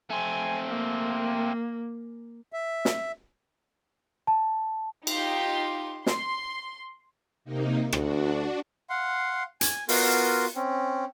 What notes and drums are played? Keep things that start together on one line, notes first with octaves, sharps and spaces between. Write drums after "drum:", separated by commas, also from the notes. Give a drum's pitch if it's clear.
A3 C4 G#5
A#3
E5
drum: snare
A5
D#4 F4 G4 C6, drum: cymbal
C6, drum: snare
C3 A#3 D#4
D2 D4 F#4, drum: rim click
F5 F#5 C6
G#5, drum: hi-hat
B3 F4 F#4 A#4 C6, drum: open hi-hat
C4 C#4